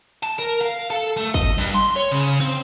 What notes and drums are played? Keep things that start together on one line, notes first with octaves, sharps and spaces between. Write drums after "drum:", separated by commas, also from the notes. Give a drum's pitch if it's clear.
A5
A#4
F5
A4
A3
D#5, drum: kick
G2
C6
C#5
C#3
C4